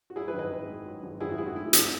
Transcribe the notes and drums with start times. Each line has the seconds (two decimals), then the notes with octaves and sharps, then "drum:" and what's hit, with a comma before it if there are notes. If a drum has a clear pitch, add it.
0.10 F#4
0.16 F#3 E4 G#4
0.28 G#4 B4
0.34 G#1
0.39 B4 D#5
0.51 G#1
0.68 G#2
0.86 F#3
1.03 G#1
1.20 G#1 E4 G#4
1.29 F#4
1.38 G#2 E4 G#4
1.47 F#4
1.55 A3 E4
1.73 G#2, drum: hi-hat